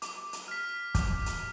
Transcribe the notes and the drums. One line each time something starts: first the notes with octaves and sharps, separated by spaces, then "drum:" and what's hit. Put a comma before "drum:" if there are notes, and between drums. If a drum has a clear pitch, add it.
D6, drum: hi-hat
drum: hi-hat
F6 B6
D6, drum: kick, hi-hat
drum: hi-hat